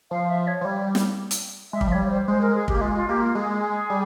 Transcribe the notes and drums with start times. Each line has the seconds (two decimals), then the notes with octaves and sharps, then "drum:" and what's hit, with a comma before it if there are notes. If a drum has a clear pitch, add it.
0.11 F3 F5
0.30 E5
0.47 C#5
0.61 F3
0.65 G3
0.95 drum: snare
1.31 drum: hi-hat
1.73 G#3 E5
1.81 G3, drum: kick
1.87 F3
1.92 G3 C#5
2.05 C#5
2.10 C5
2.27 G#3 C5
2.41 A#4
2.55 G#4
2.68 G4, drum: kick
2.74 A#3
2.81 G#3 F4
2.95 F4
3.08 A#3 G4
3.21 F4
3.35 G#3 G#4
3.90 G3